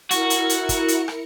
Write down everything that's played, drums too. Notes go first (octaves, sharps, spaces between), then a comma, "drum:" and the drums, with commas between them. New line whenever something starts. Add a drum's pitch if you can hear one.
E4 F#4 A#4 C#7, drum: hi-hat
drum: hi-hat
drum: hi-hat
drum: kick, hi-hat
drum: hi-hat
drum: rim click